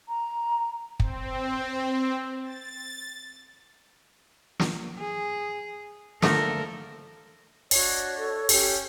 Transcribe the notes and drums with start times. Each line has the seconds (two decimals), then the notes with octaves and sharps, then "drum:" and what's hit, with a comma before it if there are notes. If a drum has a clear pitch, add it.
0.09 A#5
1.00 C4, drum: kick
2.43 A6
4.60 drum: snare
4.98 G#4
6.22 D3 F3 A3 A4 A#4, drum: snare
7.71 D4 F#4 C#5 D#5, drum: open hi-hat
8.18 A4
8.49 C#4 G4 G6, drum: open hi-hat